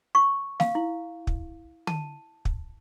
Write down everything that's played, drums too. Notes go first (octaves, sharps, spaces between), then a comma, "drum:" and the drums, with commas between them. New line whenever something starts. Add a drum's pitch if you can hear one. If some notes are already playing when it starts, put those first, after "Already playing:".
C#6
F5, drum: snare
E4
drum: kick
A5, drum: tom
drum: kick